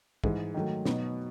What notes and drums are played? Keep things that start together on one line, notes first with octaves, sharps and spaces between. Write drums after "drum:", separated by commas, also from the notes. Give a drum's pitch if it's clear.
G#2 E3 G#3, drum: kick
D#3 F#3 A3
B2 F#3 B3 D#4, drum: snare